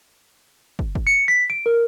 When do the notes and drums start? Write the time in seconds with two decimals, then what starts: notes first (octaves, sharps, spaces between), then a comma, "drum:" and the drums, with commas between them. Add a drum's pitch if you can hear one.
0.79 drum: kick
0.95 drum: kick
1.07 C#7
1.28 B6
1.50 D7
1.66 A#4